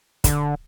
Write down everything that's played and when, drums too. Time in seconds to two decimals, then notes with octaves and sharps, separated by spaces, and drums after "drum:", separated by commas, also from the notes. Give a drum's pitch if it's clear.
0.24 D3, drum: kick, hi-hat